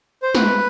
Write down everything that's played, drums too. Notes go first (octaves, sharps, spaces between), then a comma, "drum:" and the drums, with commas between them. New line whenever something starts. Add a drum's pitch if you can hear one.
C5
B4, drum: snare